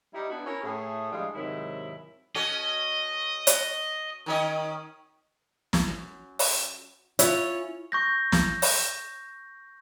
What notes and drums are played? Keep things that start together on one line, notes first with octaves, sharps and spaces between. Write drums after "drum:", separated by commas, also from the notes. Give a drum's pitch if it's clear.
G3 D#4 E4
B3 D4 E4 F#4 B4
C#4 E4 A#4 C#5
A2 A3 G#4
F3 G3 G#3 D4 G#4 F5
G#2 C3 D#3 F#3 G#3 E4
C#4 F#4 A4 D#5
drum: hi-hat
D#3 C#4 D#5
drum: snare
F#2
drum: open hi-hat
C#4 E4 F4 C#5, drum: hi-hat
C#6 G6 A#6
drum: snare
drum: open hi-hat